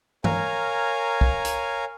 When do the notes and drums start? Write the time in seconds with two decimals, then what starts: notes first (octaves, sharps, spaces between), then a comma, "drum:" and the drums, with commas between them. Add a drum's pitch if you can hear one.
0.24 A#4 C#5 F5 G#5 A#5, drum: tom G2
1.21 drum: kick
1.45 drum: hi-hat